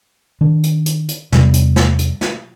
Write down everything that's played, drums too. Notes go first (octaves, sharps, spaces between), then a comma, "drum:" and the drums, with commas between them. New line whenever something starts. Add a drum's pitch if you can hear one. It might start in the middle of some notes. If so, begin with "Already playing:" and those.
D#3 D4
drum: hi-hat
drum: hi-hat
drum: hi-hat
E2 C3 G3, drum: snare
drum: hi-hat
drum: snare
drum: hi-hat
drum: snare